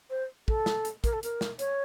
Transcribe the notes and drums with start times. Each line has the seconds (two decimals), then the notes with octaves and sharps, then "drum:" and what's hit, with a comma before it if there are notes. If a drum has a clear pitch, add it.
0.10 C5
0.48 A4, drum: kick
0.66 drum: snare
0.85 drum: hi-hat
1.04 A#4, drum: kick, hi-hat
1.13 A4
1.23 A#4, drum: hi-hat
1.41 drum: snare
1.59 C#5, drum: hi-hat